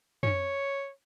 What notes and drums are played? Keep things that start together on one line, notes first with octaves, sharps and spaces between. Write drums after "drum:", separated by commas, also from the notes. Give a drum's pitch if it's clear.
C#5, drum: tom